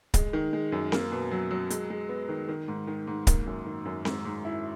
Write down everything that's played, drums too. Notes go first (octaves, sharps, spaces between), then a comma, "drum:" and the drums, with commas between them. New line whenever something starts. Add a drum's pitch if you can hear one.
G#3, drum: kick C#1, hi-hat
D#3
G#3
F#2
A#3, drum: snare C4
B2
F#3
F#3
G#3, drum: hi-hat
G#3
B3
D#3
D#3
G#2
D#3
G#2
A#3, drum: kick C#1, hi-hat
F#2
D#3
F#2
G#2, drum: snare C4
G#2
E4